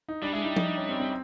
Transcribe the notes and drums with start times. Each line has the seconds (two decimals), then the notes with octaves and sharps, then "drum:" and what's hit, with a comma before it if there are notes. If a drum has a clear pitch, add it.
0.08 D#4
0.22 G3 D4
0.33 G#3 E4
0.42 G3 D#4
0.56 D#4, drum: tom F3
0.67 D4
0.78 C#4
0.89 C4
1.00 C4